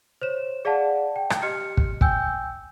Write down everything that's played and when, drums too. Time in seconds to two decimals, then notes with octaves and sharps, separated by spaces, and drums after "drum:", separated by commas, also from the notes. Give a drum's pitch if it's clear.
0.22 C5 C#5 E7
0.65 G#4 D5 F5 F#5 A5
1.16 G5
1.30 drum: rim click
1.42 G4 D#5 F6 C#7
1.77 drum: kick
2.01 G5 G#5 E6 G6, drum: kick